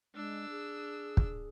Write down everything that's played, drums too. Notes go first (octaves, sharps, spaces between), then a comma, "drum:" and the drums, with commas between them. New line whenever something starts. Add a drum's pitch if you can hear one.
G#3 D4 E6
G#4
drum: kick